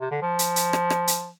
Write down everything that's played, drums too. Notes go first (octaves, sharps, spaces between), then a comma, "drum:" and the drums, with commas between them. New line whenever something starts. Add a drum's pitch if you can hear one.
C3
D3
F3
drum: hi-hat
drum: hi-hat
drum: rim click
drum: rim click
drum: hi-hat